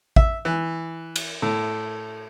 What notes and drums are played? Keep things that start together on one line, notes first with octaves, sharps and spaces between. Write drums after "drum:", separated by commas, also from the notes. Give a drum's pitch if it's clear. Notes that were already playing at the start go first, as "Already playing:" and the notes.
E5, drum: kick
E3
drum: cymbal
A2